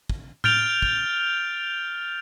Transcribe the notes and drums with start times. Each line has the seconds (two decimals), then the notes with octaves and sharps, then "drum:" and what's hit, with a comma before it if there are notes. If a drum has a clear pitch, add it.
0.10 drum: kick
0.44 F6 G6 A6 D7 F7 G7, drum: tom A2
0.82 drum: kick